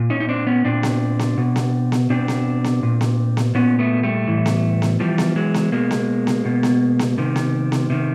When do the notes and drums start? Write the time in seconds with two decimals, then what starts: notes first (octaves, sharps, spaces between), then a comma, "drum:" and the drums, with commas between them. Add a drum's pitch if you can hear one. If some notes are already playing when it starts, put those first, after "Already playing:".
Already playing: A#2
0.10 C#4 D#4
0.20 D#4
0.29 C4 D4
0.47 B3 C#4
0.65 A#2 C4 D4
0.83 drum: snare B3
1.19 drum: snare B3
1.37 B2
1.56 drum: snare B3
1.92 drum: snare B3
2.10 B2 C4 D4
2.28 drum: snare B3
2.64 drum: snare B3
2.83 A#2
3.01 drum: snare B3
3.37 drum: snare B3
3.55 A#2 B3 C#4
3.79 A3 B3
4.03 G3 A3
4.28 A2 E3
4.46 drum: snare B3
4.82 drum: snare B3
5.00 A2 E3 F3 G3
5.18 drum: snare B3
5.36 F#3 G#3
5.54 drum: snare B3
5.72 B2 G#3 A#3
5.91 drum: snare B3
6.27 drum: snare B3
6.45 B2
6.63 drum: snare B3
6.99 drum: snare B3
7.18 C3 D#3
7.36 drum: snare B3
7.72 drum: snare B3
7.90 C3 D#3